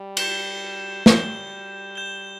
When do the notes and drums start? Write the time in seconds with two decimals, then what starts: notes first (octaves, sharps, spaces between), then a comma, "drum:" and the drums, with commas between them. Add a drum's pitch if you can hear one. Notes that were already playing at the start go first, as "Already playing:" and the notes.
Already playing: G3
0.17 G6 E7 G7, drum: cymbal
1.06 G3 G6 E7 G7, drum: snare
1.95 G6 E7 G7